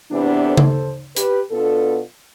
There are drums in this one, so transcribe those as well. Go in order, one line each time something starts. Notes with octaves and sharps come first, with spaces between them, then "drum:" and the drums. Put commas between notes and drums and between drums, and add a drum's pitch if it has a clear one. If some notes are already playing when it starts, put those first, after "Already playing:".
E2 C3 E3 B3 D4
A4 C5
drum: tom C#3
G4 B4, drum: hi-hat
B2 B3 D4 F4 A4